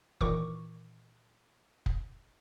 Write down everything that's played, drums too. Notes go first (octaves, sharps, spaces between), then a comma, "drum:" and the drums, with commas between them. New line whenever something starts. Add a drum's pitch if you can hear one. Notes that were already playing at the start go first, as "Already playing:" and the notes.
A#2 D#3 E3 A#4 C#6 D6, drum: kick
drum: kick